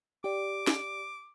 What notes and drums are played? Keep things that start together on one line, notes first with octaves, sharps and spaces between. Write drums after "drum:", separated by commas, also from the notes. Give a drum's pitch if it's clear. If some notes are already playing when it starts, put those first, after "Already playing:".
G4 D5 D6
drum: snare